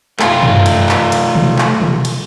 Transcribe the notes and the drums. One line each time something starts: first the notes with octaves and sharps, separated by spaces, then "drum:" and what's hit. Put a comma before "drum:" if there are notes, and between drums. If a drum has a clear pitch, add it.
A3 F4, drum: clap
drum: tom
drum: cymbal
drum: clap
drum: cymbal
drum: tom
drum: clap
drum: tom
drum: cymbal